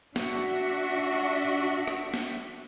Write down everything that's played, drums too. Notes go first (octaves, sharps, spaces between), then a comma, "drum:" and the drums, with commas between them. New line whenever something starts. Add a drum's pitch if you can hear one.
D4 F#4 E5, drum: snare
drum: rim click
drum: snare